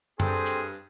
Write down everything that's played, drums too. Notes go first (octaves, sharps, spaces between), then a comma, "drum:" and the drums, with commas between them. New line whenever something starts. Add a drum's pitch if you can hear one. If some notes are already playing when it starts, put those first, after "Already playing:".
G2 C4 G#4 A4, drum: tom F#2
drum: hi-hat